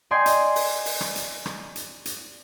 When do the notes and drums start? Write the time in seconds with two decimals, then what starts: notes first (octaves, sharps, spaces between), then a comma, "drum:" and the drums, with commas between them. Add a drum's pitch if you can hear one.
0.11 D5 D#5 G5 G#5 C6
0.26 drum: hi-hat
0.56 drum: open hi-hat
0.86 drum: open hi-hat
1.01 drum: rim click
1.16 drum: hi-hat
1.46 drum: rim click
1.76 drum: hi-hat
2.05 drum: hi-hat